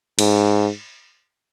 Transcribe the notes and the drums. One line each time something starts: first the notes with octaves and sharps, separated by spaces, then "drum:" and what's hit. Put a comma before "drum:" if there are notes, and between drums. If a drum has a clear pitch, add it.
G#2, drum: cymbal